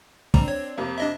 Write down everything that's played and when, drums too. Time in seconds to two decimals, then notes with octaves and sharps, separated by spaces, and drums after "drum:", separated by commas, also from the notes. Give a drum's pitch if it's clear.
0.34 G3 C4 D4 A#5, drum: kick
0.48 C#5
0.77 F2 C3 A#3
0.98 D4 D#5 E5